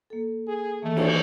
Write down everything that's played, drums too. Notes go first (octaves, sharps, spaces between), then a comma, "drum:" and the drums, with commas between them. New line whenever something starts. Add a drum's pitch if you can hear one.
A#3 A4
G#4
D#3 E3 A3 A#3
drum: cymbal